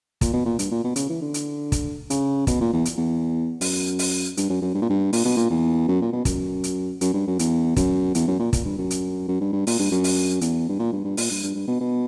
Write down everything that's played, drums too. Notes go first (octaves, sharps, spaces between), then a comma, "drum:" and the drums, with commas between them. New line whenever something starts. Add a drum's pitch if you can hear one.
A#2, drum: kick, hi-hat
B2
A#2
G2, drum: hi-hat
A#2
B2
C#3, drum: hi-hat
E3
D3
drum: hi-hat
drum: kick, hi-hat
C#3, drum: hi-hat
B2, drum: kick, hi-hat
A#2
E2
drum: hi-hat
E2
F#2, drum: open hi-hat
drum: open hi-hat
G2, drum: hi-hat
F#2
F#2
G2
A#2
G2
A#2, drum: open hi-hat
B2
A#2
E2
F#2
A#2
B2
F#2, drum: kick, hi-hat
drum: hi-hat
F#2, drum: hi-hat
G2
F#2
E2, drum: hi-hat
F#2, drum: kick, hi-hat
E2, drum: hi-hat
F#2
A#2
A#2, drum: kick, hi-hat
G2
F#2
drum: hi-hat
F#2
G2
G2
A#2, drum: open hi-hat
G2
F#2
drum: open hi-hat
E2, drum: hi-hat
G2
A#2
G2
G2
A#2, drum: open hi-hat
G2
G2
G2
B2
B2